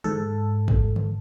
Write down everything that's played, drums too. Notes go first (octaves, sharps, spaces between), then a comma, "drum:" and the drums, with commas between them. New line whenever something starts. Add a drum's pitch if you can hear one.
G#2 A4, drum: tom
drum: kick
drum: tom